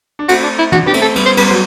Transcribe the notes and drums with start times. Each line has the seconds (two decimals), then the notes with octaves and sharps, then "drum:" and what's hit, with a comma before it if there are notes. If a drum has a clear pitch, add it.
0.19 D4
0.29 A3 C4 F#4, drum: cymbal
0.43 D4
0.59 E4
0.72 D4 F#4, drum: tom
0.86 B3 D4 G4
0.94 A3 C4, drum: cymbal
1.02 A4
1.16 G3 B3, drum: cymbal
1.26 C5
1.37 G3 B3 B4, drum: cymbal
1.48 F#3 C5